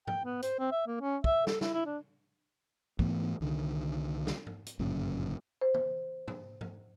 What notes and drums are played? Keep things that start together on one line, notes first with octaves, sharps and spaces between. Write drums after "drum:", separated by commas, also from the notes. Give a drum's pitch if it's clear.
G5, drum: tom
B3
C5, drum: hi-hat
C4
E5
A#3
C#4
E5, drum: kick
A4, drum: snare
E4, drum: snare
E4
D4
G#2 E3 A3 B3, drum: kick
C2 D3 D#3
drum: snare
drum: tom
drum: hi-hat
G1 F#2 A#2 C#3
C5
drum: tom
drum: tom
drum: tom